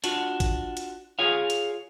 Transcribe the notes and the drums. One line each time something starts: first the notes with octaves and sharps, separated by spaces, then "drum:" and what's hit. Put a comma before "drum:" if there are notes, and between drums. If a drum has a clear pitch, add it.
D4 F4 F#4, drum: hi-hat
drum: kick, hi-hat
drum: hi-hat
F4 G#4 C#5 F5
drum: hi-hat